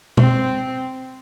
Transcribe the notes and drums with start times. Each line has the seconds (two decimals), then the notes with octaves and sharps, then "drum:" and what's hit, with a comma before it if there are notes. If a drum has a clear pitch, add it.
0.17 C4, drum: tom B2